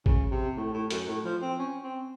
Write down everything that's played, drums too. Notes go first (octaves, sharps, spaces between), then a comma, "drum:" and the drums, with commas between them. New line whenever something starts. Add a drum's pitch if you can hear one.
C#3, drum: kick A1
C3
A2
A2
F#2, drum: hi-hat
A2
F3
C4
C#4
C4